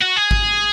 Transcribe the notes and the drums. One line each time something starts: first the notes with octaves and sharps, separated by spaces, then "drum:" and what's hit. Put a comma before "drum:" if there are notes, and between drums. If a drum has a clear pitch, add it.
F#4
G#4
drum: kick G#1